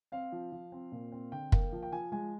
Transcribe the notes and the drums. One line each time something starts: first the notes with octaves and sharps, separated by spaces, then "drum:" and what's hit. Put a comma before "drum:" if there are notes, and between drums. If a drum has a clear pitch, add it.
C4 F5
F3
F3
C4
A#2
C4
D3 G5
A#3, drum: kick
F3
G5
F3 G#5
G#3 G#5